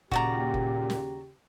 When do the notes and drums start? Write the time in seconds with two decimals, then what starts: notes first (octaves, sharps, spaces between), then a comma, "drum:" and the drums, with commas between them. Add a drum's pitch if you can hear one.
0.12 D#2 A#2 C#3 F#4 G4 D5 A#5, drum: kick F#1
0.54 drum: kick F#1
0.90 drum: snare